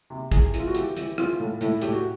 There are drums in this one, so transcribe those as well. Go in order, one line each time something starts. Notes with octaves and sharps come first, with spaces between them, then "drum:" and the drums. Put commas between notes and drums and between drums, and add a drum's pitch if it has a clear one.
C3
E3 G#4, drum: kick, hi-hat
E3, drum: hi-hat
F4
F#4
E3 G4, drum: hi-hat
E3, drum: hi-hat
E3 F4, drum: rim click
A2
A2 E4, drum: hi-hat
A2 G4, drum: hi-hat
F#4